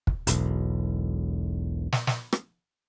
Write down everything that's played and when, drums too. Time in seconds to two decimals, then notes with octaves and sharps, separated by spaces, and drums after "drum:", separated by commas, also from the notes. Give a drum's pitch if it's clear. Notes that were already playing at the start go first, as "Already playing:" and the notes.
0.07 drum: kick
0.27 E1 B1, drum: hi-hat
1.92 drum: snare
2.07 drum: snare
2.33 drum: rim click